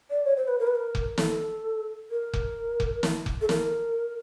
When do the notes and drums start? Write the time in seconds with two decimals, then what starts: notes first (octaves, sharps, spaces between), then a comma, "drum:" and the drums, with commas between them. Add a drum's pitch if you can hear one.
0.10 D5
0.25 C#5
0.37 C5
0.48 B4
0.60 A#4
0.67 B4
0.75 A#4
0.95 drum: kick F1
1.18 A4, drum: snare
2.11 A#4
2.33 drum: kick F1
2.80 drum: kick F1
3.03 drum: snare
3.26 drum: kick F1
3.41 A4
3.49 A#4, drum: snare